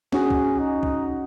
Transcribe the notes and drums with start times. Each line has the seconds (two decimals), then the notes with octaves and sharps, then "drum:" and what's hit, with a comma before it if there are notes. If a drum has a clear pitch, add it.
0.12 C#4 F#4 G#4, drum: snare
0.30 drum: kick C2
0.59 D#4
0.83 drum: kick C2